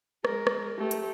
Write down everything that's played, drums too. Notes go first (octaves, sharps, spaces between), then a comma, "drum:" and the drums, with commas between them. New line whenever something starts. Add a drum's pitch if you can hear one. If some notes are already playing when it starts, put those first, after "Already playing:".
G#3 A#4, drum: rim click
drum: rim click
A3 G4
drum: hi-hat